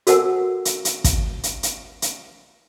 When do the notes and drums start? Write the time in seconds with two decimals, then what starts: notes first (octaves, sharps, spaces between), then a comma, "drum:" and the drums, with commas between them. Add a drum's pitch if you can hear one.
0.07 F#4 A4 A#4 F#5 G#5 E6, drum: hi-hat
0.65 drum: hi-hat
0.85 drum: hi-hat
1.04 drum: kick, hi-hat
1.43 drum: hi-hat
1.63 drum: hi-hat
2.02 drum: hi-hat